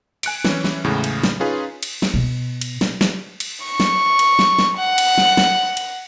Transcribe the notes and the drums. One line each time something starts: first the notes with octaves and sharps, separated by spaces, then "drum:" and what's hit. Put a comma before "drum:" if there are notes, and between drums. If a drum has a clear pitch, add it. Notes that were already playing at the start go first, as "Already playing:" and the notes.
G#5 F#6 C#7 D7, drum: cymbal
E3 C#4, drum: snare
drum: snare
E2 A2 C#3 G#3
drum: cymbal
drum: snare
C#4 D#4 F4 G#4 B4
drum: cymbal
drum: snare
B2
drum: cymbal
drum: snare
drum: snare
drum: cymbal
C#6
drum: snare
drum: cymbal
drum: snare
drum: snare
F#5
drum: cymbal
drum: snare
drum: snare
drum: cymbal